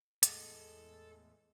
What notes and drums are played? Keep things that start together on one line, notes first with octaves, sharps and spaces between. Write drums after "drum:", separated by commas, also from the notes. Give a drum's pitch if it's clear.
E2 A2 G#3 A4, drum: hi-hat